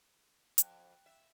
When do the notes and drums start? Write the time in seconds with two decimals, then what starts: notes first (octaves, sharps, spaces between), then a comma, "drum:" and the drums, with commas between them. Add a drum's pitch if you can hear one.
0.58 F2 G5 F#6, drum: hi-hat
1.06 E5